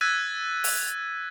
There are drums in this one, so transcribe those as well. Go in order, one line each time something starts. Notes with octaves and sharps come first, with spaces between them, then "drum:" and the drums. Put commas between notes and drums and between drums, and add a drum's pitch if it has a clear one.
E6 F#6 G#6 A6 B6 D#7
drum: open hi-hat